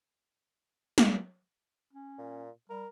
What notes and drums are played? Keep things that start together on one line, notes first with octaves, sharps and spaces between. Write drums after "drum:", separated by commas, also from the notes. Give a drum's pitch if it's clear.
drum: snare
C#4
A#2
G3 A#4